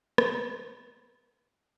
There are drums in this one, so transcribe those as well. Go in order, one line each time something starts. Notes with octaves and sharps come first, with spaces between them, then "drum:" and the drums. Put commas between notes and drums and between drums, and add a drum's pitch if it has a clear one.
D#4 C#5, drum: rim click